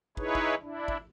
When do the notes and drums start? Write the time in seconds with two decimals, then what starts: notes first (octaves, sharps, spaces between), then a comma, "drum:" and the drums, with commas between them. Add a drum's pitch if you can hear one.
0.17 D#4 E4 G#4 B4 C#5, drum: kick
0.35 drum: kick
0.62 D4 E4
0.88 drum: kick